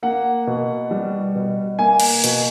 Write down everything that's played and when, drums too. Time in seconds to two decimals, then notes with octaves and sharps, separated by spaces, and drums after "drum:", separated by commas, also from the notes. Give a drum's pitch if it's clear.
0.03 A#3 F#5
0.47 B2
0.91 G3
1.35 B2
1.79 A#3 G#5
2.00 drum: cymbal
2.24 B2, drum: hi-hat